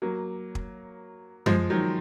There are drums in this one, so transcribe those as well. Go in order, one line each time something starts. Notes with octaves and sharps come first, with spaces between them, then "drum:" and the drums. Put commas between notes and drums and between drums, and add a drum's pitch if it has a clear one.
F#3 A#3
drum: kick
F3 G#3, drum: tom F#2
D#3 F#3